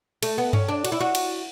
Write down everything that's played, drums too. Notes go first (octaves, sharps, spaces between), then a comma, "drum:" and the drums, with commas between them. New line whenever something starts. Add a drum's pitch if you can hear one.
A3, drum: cymbal
B3
C#4, drum: tom G2
D4
F#4, drum: cymbal
E4
F#4
drum: cymbal